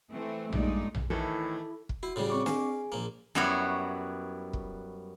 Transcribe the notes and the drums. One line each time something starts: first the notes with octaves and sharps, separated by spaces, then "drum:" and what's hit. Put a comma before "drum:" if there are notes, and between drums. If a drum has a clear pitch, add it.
E3 A3 C4
G2 A#2 G#3 A3 D#4 D5, drum: tom A#1
drum: tom A#1
A2 D#3 E3 E4 A4
drum: kick
E4 F#4
A2 C#3 G3
C4 C#6 D6
G#4 F5 G#5, drum: snare
A#1 A#3
F#2 G3 B3 E4 F#4 C#5
drum: kick